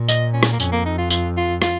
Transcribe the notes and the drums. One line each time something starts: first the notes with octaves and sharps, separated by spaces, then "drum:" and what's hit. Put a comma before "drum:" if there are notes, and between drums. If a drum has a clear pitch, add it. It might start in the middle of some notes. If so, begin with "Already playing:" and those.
Already playing: A#2
D#5, drum: tambourine
C#4
drum: rim click
A#3
F2 C#4, drum: tambourine
A#3
D#4
F4
F4, drum: tambourine
F4
F4, drum: rim click